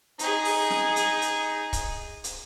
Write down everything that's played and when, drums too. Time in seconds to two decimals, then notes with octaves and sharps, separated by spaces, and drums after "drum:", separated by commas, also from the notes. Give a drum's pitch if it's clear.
0.19 D#4 G#4, drum: hi-hat
0.45 drum: open hi-hat
0.70 drum: snare
0.96 drum: hi-hat
1.22 drum: hi-hat
1.73 drum: kick C#1, hi-hat
2.24 drum: hi-hat